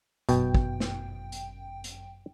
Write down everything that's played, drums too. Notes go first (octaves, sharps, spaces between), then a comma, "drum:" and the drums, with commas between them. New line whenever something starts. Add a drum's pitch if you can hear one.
G1 F#2 B2 G5, drum: hi-hat
drum: kick
drum: snare
drum: hi-hat
drum: hi-hat